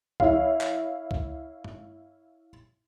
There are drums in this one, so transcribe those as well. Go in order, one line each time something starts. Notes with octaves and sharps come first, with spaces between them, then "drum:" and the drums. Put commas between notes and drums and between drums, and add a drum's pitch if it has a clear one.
E4 C#5 F5, drum: kick C#2
drum: clap
drum: kick C#2
drum: tom G2